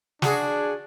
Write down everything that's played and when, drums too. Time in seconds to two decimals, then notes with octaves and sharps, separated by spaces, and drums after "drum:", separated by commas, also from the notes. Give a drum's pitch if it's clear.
0.22 D4 F#4 G#4, drum: snare